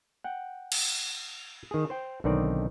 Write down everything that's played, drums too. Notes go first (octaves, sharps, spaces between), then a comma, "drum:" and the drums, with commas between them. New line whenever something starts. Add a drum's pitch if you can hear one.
F#5 G5
drum: cymbal
D#3 G#4
C5 G5
B1 D3 D#3 C4 D#4 D5